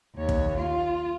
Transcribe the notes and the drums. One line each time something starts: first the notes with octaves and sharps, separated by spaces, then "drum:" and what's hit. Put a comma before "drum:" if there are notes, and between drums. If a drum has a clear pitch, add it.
D#2 C#5
drum: kick
F4